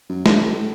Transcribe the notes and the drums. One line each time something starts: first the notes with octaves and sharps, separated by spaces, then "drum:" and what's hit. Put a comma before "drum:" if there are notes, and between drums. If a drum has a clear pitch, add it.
F#2
G2, drum: snare
A2